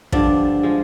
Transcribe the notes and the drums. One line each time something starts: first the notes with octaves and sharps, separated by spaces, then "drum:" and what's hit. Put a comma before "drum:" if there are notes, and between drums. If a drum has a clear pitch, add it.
G2 D3 F3 D4, drum: kick
F3 G#3